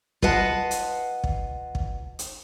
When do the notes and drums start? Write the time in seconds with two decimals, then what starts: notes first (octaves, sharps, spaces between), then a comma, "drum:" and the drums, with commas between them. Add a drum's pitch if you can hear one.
0.22 F4 B4 D#5 F#5 A5, drum: kick
0.71 drum: hi-hat
1.24 drum: kick
1.75 drum: kick
2.19 drum: hi-hat